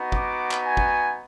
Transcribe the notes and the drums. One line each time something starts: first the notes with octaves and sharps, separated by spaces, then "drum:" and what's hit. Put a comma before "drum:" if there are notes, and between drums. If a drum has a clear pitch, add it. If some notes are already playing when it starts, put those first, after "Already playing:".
Already playing: B3 D#4 F#4
D6, drum: kick G1
drum: clap
G#5
drum: kick G1